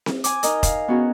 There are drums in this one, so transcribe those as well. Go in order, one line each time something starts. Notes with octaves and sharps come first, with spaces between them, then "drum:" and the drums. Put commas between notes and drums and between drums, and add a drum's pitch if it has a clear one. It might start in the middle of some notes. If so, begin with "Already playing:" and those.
drum: snare C4
G#5 D6, drum: hi-hat
D#4 A#4 D#5, drum: hi-hat
F5, drum: kick F1, hi-hat
B3 C#4 F#4 G#4 A#4